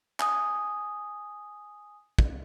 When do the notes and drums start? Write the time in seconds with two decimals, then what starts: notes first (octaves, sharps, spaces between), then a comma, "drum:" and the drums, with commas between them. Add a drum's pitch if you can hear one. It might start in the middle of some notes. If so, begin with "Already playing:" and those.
0.20 G#5 D#6, drum: clap
2.19 drum: kick